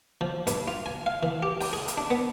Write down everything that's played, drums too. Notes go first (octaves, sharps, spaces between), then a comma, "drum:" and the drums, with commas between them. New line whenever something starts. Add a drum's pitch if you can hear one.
F3
G2, drum: hi-hat
F4
G#5
F5
E3
G4
G5, drum: open hi-hat
G#4
drum: hi-hat
D4
B3